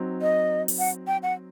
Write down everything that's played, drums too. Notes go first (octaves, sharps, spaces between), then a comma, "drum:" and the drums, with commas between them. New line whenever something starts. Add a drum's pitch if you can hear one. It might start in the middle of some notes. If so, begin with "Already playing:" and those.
Already playing: F#3 C4 D#4
D#5
drum: open hi-hat
F#5
G5
F#5